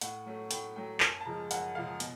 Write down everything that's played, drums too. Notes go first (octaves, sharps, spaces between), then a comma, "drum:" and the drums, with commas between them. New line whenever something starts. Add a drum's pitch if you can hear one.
A2 F#5, drum: hi-hat
F#3 A3 C#4
A2 G5, drum: hi-hat
F#3 A3 C#4 G5
F#2 A5, drum: clap
A5
C#3 F3 G#3 A#5
F#2 F#5, drum: hi-hat
C#3 F3 G#3 F5
B2, drum: hi-hat